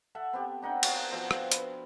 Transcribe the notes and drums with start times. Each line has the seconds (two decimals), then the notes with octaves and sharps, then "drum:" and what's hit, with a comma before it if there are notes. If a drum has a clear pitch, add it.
0.15 A4 E5 F#5
0.33 B3 C4 G4
0.62 D4 D#4 F#5 G5
0.83 F#4 F5, drum: cymbal
1.12 B2 F3 C4
1.31 drum: rim click
1.52 B4, drum: hi-hat